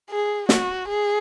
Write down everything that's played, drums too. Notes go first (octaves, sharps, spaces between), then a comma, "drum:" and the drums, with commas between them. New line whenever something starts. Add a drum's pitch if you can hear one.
G#4
F#4, drum: snare
G#4